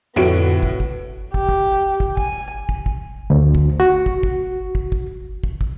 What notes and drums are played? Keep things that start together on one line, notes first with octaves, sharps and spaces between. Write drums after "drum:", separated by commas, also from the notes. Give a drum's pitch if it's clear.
F2 A2 D3 B3 F#4 D7
drum: kick
drum: kick
G4, drum: kick
drum: kick
drum: kick
G#5, drum: kick
drum: kick
drum: kick
D2
drum: kick
F#4
drum: kick
drum: kick
drum: kick
drum: kick
drum: kick
drum: kick